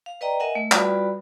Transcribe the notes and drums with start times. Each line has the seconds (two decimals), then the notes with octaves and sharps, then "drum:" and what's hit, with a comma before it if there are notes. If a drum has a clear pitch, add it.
0.06 F5
0.21 B4 D5 D#5 G5 A#5
0.40 A#4 D#5 E5 F#5 G#5
0.55 A3
0.72 G3 F4 F#4 B4 D5 B5, drum: clap